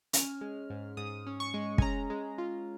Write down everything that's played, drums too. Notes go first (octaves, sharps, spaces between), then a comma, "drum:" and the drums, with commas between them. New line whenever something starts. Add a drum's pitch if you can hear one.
C#4 F6, drum: hi-hat
G#3
G#2
G#2 D#6
C#4
C#6
G#3
G#5, drum: kick
C#4 A#5
G#3
F4